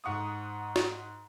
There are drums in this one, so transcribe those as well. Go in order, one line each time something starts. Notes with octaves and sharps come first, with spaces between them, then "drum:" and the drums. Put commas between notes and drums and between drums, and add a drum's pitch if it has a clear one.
G#2 F#5 C#6 D#6
drum: snare